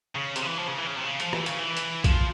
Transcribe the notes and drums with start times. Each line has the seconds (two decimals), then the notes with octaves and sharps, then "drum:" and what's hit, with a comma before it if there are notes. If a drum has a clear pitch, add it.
0.15 C#3
0.36 C3, drum: hi-hat
0.42 C#3
0.46 E3
0.58 F3
0.67 C#3
0.78 E3
0.87 C#3
0.96 C3
1.04 C#3
1.20 F3, drum: hi-hat
1.33 E3, drum: rim click
1.46 C#3, drum: hi-hat
1.58 E3
1.77 drum: hi-hat
2.04 F3, drum: kick B1, hi-hat